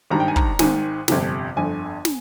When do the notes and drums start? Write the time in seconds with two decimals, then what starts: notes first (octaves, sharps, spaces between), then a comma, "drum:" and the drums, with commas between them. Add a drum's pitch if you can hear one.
0.10 G#1 G2 D#3 A#5
0.20 G5
0.28 G#5
0.36 A#5, drum: kick
0.59 G#1 G#2 D#3 G#5, drum: snare
1.08 G1 F2 C3, drum: snare
1.56 G1 F2 D3 G#5
2.05 drum: snare